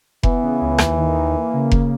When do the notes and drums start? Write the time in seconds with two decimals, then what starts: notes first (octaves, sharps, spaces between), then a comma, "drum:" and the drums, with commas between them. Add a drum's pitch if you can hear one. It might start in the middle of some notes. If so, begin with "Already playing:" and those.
0.23 E3 B3, drum: kick F1
0.42 C#3
0.61 C#2
0.78 D#2, drum: rim click
0.97 D#3
1.16 D#2
1.35 A#3
1.53 C#3
1.71 drum: kick F1